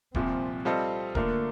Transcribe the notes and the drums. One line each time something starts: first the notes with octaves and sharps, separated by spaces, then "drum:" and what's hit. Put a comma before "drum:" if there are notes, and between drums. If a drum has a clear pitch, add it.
C2 A#2 F3 C4, drum: kick D#1
G3 C4 F4 A4 D#5
D3 A3 A#3 D4 F4 A#4, drum: kick D#1